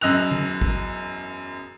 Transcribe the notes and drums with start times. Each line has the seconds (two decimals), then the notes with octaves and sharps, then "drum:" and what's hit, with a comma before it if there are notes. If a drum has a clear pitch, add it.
0.01 E1 F#2 D#5 E6 F#6 F7, drum: hi-hat
0.31 drum: tom D3
0.61 drum: kick